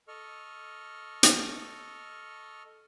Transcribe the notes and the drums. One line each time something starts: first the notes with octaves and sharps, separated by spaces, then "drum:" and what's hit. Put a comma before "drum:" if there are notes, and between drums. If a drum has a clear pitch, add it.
A4 D#5 C#6 F6
drum: hi-hat